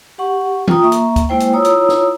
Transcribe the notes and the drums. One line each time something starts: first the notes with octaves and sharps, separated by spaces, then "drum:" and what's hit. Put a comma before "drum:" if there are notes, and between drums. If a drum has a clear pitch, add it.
G4 F#5 C#6
F4 G5 A#5 D#6, drum: tom E3
A#3 E5 A#5 C#6
drum: hi-hat
drum: kick, hi-hat
G#3 A#3 E4 C5 G5
drum: hi-hat
E4 F4 C#5 A#5 D#6 E6
drum: hi-hat
drum: snare